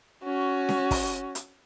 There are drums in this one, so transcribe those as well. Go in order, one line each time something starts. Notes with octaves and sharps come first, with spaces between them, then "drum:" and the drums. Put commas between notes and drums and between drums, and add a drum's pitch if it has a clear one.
C#4 F#4
drum: snare C#4
drum: kick, open hi-hat
drum: hi-hat